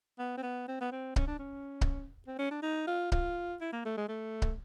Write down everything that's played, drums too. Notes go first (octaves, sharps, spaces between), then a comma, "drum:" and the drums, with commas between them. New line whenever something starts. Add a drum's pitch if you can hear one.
B3
C4
B3
C4
B3
C4
C#4, drum: kick C#1
D4
C#4
drum: kick C#1
C4
C#4
D4
D#4
F4
F4, drum: kick C#1
E4
A#3
A3
G#3
A3
drum: kick C#1